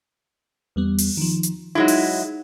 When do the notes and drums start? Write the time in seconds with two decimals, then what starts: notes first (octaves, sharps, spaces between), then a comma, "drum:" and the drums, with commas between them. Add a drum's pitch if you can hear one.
0.76 E2 G3 B3
0.98 drum: open hi-hat
1.17 D#3 F3
1.43 drum: hi-hat
1.75 F#3 G#3 D#4 E4
1.88 drum: open hi-hat